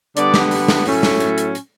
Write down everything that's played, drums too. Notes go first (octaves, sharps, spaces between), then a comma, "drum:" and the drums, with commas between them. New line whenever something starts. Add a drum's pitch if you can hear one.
D3 G3 B3 D5, drum: hi-hat
drum: snare
drum: open hi-hat
drum: snare
A2 F#3 A3 C#4, drum: open hi-hat
drum: snare
drum: hi-hat
drum: hi-hat
drum: hi-hat